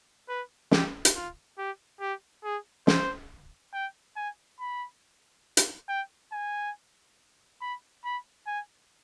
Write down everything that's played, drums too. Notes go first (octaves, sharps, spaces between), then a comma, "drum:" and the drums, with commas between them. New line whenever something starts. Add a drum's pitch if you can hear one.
B4
G4, drum: snare
drum: hi-hat
F4
G4
G4
G#4
C5, drum: snare
G5
G#5
B5
drum: hi-hat
G5
G#5
B5
B5
G#5